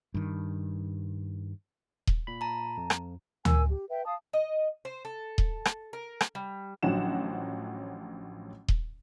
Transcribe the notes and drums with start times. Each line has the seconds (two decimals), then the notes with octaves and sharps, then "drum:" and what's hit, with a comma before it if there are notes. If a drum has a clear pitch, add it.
0.14 G2 D#3
2.07 drum: kick D#1
2.27 A#2 B5
2.41 A5 A#5
2.77 F2
2.90 drum: rim click
3.45 A#4 G#5 E6, drum: tom D2
3.69 G4
3.90 B4 E5 G5
4.06 F5 A5 D#6
4.33 D#5
4.85 C5
5.05 A4
5.38 drum: kick D#1
5.65 drum: rim click
5.93 A#4
6.21 drum: rim click
6.35 G3
6.83 A1 D3 F3 F#3 F#5 E7
8.68 drum: kick D#1